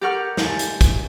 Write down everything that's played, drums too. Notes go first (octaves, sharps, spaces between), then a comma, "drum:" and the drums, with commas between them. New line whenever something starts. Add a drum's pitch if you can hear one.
G4 A4 A#4 F#5 C#6 F6
D#4 C5 F5 G#5 A5, drum: snare
drum: hi-hat
drum: kick, hi-hat